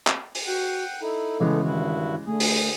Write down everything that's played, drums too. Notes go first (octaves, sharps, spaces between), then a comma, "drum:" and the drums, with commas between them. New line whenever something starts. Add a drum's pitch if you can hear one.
drum: clap
drum: open hi-hat
F#4 F#5 G5
D#4 E4 A4
C#3 E3 G#3 A3 B3
G2 D#3 E4 F#4
D3 A3 G#4
drum: open hi-hat